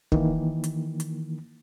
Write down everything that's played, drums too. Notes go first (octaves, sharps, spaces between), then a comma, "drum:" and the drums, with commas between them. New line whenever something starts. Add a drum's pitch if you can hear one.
D#3 E3 A#3, drum: kick
drum: hi-hat
drum: hi-hat